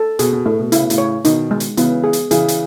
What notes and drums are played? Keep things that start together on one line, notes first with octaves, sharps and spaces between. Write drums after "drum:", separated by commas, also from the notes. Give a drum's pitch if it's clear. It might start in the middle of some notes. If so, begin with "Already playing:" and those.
Already playing: A4
B2 G#4, drum: hi-hat
B2
A2 A3
B2
C#3 E4, drum: hi-hat
B2
A2 C#3, drum: hi-hat
C#5
B2 D#3 D#4, drum: hi-hat
G#3
drum: hi-hat
C#3 E3 B3, drum: hi-hat
G#4
drum: hi-hat
C#3 E3 G#4, drum: hi-hat
drum: hi-hat